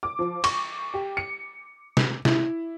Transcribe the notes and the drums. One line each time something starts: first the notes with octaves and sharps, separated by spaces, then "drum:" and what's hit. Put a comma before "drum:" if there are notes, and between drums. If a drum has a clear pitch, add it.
D6
F3
C#6, drum: cymbal
G4
C#7
drum: snare
E4, drum: snare